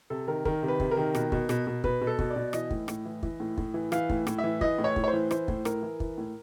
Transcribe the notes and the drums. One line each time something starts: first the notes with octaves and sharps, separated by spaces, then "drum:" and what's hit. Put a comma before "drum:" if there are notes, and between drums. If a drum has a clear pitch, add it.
C3 A4
D#3 A#4
D#3 A#4, drum: kick
C3
B4
C3, drum: kick
A#4
D#3
B2, drum: rim click
B2, drum: kick
B2, drum: rim click
B2
B2 B4, drum: kick
B2
A4
B2, drum: kick
D5
B2
E3 D#5, drum: rim click
A2, drum: kick
A2, drum: rim click
E3
E3, drum: kick
A2
A2, drum: kick
E3
E3 F5, drum: rim click
A2, drum: kick
A2, drum: rim click
E5
E3
E3 D#5, drum: kick
A2
C#5
A2, drum: kick
C#5
C5
E3
E3 C5, drum: rim click
A2, drum: kick
A2 A#4, drum: rim click
E3
E3, drum: kick
A2